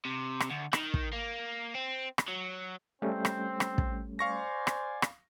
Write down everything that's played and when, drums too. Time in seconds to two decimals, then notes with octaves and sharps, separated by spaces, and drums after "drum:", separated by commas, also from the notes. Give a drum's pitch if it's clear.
0.05 C3
0.40 drum: rim click
0.50 D2
0.73 D#3, drum: rim click
0.94 drum: kick
1.13 A#3
1.75 C4
2.18 drum: rim click
2.28 F#3
3.02 G3 A3 C4 C#4
3.25 drum: rim click
3.60 drum: rim click
3.78 drum: kick
4.19 C5 D5 F5 G#5 C#6 A#6
4.67 drum: rim click
5.02 drum: rim click